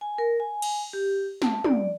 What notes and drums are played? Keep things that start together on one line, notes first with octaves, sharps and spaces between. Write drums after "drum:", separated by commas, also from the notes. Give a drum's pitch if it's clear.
G#5
A#4
G#5
drum: cymbal
G4
A5, drum: snare
D5, drum: tom